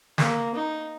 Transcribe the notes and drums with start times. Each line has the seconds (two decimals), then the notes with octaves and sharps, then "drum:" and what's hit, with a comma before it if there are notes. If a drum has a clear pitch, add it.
0.18 A#3, drum: snare
0.55 D#4